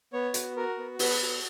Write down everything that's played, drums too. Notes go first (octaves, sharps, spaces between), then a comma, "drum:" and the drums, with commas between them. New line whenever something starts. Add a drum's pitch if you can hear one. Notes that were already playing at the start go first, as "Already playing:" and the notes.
B3 C#5
F#4, drum: hi-hat
F#4 A#4
B3
B3 B4, drum: open hi-hat
F#4